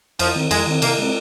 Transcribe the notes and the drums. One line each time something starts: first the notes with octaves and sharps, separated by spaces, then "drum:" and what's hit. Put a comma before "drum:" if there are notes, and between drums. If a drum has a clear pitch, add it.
F2 F3, drum: cymbal
D#3 C4
F2 G#3, drum: cymbal
D#3 C4
C3 A#3, drum: cymbal
G#3 C4